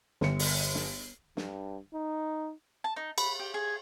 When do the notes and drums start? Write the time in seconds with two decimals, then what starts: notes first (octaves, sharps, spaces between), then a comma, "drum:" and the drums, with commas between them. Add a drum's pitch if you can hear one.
0.21 G1 C#7, drum: snare
0.39 drum: open hi-hat
0.75 drum: snare
1.37 G2, drum: snare
1.94 D#4
2.84 A5
2.96 D#4
3.18 B5, drum: cymbal
3.39 G4
3.54 G#4